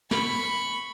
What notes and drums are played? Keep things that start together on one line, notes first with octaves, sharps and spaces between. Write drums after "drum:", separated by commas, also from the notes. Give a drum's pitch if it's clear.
B5 C#6, drum: snare